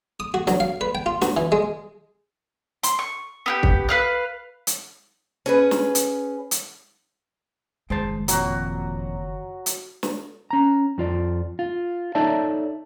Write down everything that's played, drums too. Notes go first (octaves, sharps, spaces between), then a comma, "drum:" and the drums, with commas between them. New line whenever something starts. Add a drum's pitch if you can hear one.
D#6
F#4
F#3, drum: snare
F5
B4
G5
F4
F#4, drum: snare
E3
G#3
C6, drum: hi-hat
C#6
B3 F4 G4
drum: kick
B4 F5 F#6
drum: hi-hat
C#4 G#4 B4
drum: snare
drum: hi-hat
drum: hi-hat
F#1 D#3 G#3 C5 A5
F2 A#2 F#3 F#4, drum: hi-hat
drum: hi-hat
drum: snare
C#4 A#5
F2 F4 D5
F4
D#4 A4 C#5 D5 E5 A5